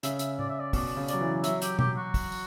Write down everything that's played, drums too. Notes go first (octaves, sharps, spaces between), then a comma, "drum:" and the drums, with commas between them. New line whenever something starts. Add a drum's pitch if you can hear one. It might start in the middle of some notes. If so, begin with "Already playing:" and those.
C#3 E5, drum: hi-hat
E5, drum: hi-hat
D5, drum: tom A2
E5
D5
B2 D5, drum: kick, open hi-hat
C#3
F#3 D5, drum: hi-hat
E3
F#3 E5, drum: hi-hat
G4, drum: hi-hat
G4, drum: tom B2
F#4
drum: kick, open hi-hat
drum: open hi-hat